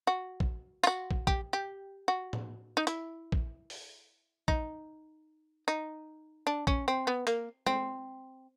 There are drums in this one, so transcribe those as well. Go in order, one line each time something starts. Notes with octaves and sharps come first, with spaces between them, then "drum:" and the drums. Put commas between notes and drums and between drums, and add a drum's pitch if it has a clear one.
F#4
drum: kick
F4, drum: tambourine
F#4
drum: kick
G4, drum: kick
G4
F#4
drum: tom A2
D#4
E4, drum: hi-hat
drum: kick
drum: open hi-hat
D#4, drum: kick
D#4
D4
C#4, drum: kick
C4
B3
A#3, drum: hi-hat
C4, drum: tom